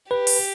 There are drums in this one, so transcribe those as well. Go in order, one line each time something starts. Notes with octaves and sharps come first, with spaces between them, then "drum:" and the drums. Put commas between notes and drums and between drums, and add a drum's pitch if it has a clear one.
G4 B4
drum: open hi-hat